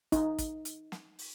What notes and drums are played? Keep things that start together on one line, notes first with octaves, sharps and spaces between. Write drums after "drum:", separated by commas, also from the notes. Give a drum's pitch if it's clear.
D#4, drum: kick, hi-hat
drum: kick, hi-hat
drum: hi-hat
drum: snare
drum: open hi-hat